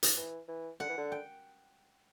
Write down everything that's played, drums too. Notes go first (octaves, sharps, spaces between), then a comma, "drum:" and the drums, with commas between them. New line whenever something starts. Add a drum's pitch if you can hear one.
drum: hi-hat
E3
E3
D3 F#5
E3
D3
G5